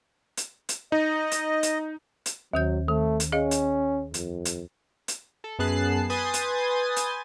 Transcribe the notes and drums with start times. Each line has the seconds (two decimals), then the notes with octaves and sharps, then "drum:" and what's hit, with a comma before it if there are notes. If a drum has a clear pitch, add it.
0.37 drum: hi-hat
0.69 drum: hi-hat
0.92 D#4 D#5
1.31 drum: hi-hat
1.63 drum: hi-hat
2.26 drum: hi-hat
2.54 D#2 D#3 F#3 G6
2.89 D#3 A3
3.20 drum: hi-hat
3.32 C#4 G#4 D#5 F5
3.51 drum: hi-hat
4.14 F2, drum: hi-hat
4.45 drum: hi-hat
5.08 drum: hi-hat
5.44 A4
5.59 F#2 B3 G#4 A5 F#6 C7
6.10 B4 G#5 C6 D#6 G6 A6
6.34 drum: hi-hat
6.96 drum: hi-hat